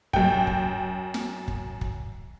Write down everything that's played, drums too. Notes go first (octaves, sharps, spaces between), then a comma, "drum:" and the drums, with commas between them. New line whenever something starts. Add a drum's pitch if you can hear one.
F#2 G5, drum: kick
drum: kick
drum: snare
drum: kick
drum: kick